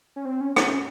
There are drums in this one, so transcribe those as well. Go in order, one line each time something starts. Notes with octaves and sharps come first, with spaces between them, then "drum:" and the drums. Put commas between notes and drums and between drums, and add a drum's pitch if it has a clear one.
C#4
C4
C#4
C#4, drum: rim click
C#4